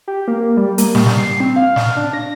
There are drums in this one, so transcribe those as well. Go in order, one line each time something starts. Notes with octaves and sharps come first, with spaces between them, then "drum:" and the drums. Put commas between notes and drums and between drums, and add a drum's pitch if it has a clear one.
G4
A#3
G3
A#3, drum: hi-hat
G3, drum: snare
drum: snare
C7
C4
F5
drum: snare
D4
A#6